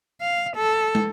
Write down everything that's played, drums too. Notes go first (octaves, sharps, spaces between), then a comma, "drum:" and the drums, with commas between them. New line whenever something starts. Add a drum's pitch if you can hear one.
F5
A4
drum: tom